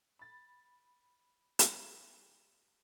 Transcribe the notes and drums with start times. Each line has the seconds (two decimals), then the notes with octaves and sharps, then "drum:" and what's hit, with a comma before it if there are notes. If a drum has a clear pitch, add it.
0.19 B5 A6
1.59 drum: hi-hat